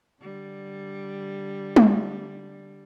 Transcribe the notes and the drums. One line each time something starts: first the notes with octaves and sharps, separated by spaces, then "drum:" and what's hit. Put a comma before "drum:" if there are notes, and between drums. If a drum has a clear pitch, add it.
D3 G3
drum: tom